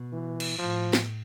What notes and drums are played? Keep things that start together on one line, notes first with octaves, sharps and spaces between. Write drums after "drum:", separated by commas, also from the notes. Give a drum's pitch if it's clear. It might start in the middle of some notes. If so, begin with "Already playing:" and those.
Already playing: B2
E3
drum: cymbal
A2 F3
drum: snare